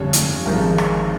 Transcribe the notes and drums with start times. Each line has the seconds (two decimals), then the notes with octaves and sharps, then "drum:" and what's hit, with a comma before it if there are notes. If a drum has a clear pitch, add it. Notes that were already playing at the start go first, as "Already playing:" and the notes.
Already playing: G1 F2 C3 G3 C#5
0.13 drum: hi-hat
0.46 G#1 G#2 F3 A#4
0.78 drum: rim click